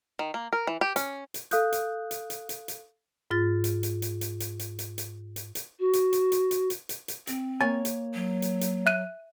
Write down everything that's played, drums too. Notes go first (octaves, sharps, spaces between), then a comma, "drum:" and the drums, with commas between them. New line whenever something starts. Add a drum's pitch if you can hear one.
D#3
A#3
A#4
E3
G4
C#4, drum: hi-hat
drum: hi-hat
A4 F5 D#6 F#6 G6, drum: hi-hat
drum: hi-hat
drum: hi-hat
drum: hi-hat
drum: hi-hat
drum: hi-hat
G#2 F4 A6
drum: hi-hat
drum: hi-hat
drum: hi-hat
drum: hi-hat
drum: hi-hat
drum: hi-hat
drum: hi-hat
drum: hi-hat
drum: hi-hat
drum: hi-hat
F#4
drum: hi-hat
drum: hi-hat
drum: hi-hat
drum: hi-hat
drum: hi-hat
drum: hi-hat
drum: hi-hat
C4, drum: hi-hat
A#3 C#5 G#5 A6
drum: hi-hat
F#3
drum: hi-hat
drum: hi-hat
E5 F#6 D#7